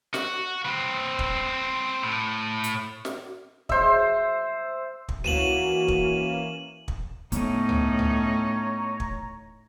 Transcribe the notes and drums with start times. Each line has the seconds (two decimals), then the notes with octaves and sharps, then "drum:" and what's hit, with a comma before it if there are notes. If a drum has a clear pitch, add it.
0.14 F#4, drum: snare
0.65 C4 B4
1.19 drum: kick
2.03 A2
2.64 drum: hi-hat
3.05 drum: snare
3.69 C5 E5, drum: kick
5.08 drum: kick
5.24 E3 A#3 C#4 F#4 D#7 E7 F#7, drum: tom
5.88 drum: kick
6.88 drum: kick
7.32 A2 B3 C#4 D#4 C#5 A#5, drum: hi-hat
7.69 drum: tom
7.99 drum: tom
9.00 drum: kick